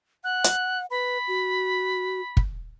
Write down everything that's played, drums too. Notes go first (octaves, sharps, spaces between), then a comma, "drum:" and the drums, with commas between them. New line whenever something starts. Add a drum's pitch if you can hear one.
F#5 F#6
drum: hi-hat
B4 B5
F#4
drum: kick